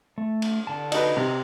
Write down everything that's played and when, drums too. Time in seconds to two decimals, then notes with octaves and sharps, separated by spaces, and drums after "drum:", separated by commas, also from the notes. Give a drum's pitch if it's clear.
0.18 A3
0.42 drum: cymbal
0.67 D3 A5
0.92 D#4 F#4 B4, drum: cymbal
1.17 C3 D#5 A#5